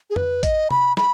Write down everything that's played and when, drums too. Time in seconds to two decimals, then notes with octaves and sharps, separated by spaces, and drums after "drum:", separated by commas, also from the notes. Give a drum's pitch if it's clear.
0.10 G#4
0.16 B4, drum: tom F2
0.43 D#5, drum: kick A1, hi-hat
0.71 B5, drum: tom C3
0.97 B5, drum: snare